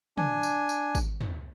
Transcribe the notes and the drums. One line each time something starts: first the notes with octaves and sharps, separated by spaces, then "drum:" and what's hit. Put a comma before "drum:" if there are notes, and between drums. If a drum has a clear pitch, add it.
D4 G#5, drum: tom
drum: tambourine
drum: tambourine
drum: kick G#1, tambourine
drum: tom